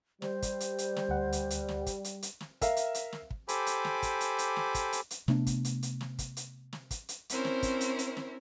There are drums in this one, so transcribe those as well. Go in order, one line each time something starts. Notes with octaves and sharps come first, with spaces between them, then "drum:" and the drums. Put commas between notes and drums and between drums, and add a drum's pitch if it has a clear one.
G3 C5, drum: snare
drum: kick, hi-hat
drum: hi-hat
drum: hi-hat
drum: snare
D2 F#5
drum: hi-hat
drum: hi-hat
drum: snare
drum: kick, hi-hat
drum: hi-hat
drum: hi-hat
drum: snare
A#4 E5 F5, drum: kick, hi-hat
drum: hi-hat
drum: hi-hat
drum: snare
drum: kick
G4 A4 C5 G#5 B5 D6, drum: hi-hat
drum: hi-hat
drum: snare
drum: kick, hi-hat
drum: hi-hat
drum: hi-hat
drum: snare
drum: kick, hi-hat
drum: hi-hat
drum: hi-hat
C3 A3 B3 D4, drum: snare
drum: kick, hi-hat
drum: hi-hat
drum: hi-hat
drum: snare
drum: kick, hi-hat
drum: hi-hat
drum: snare
drum: kick, hi-hat
drum: hi-hat
C4 C#4 E4 A#4 C5, drum: hi-hat
drum: snare
drum: kick, hi-hat
drum: hi-hat
drum: hi-hat
drum: snare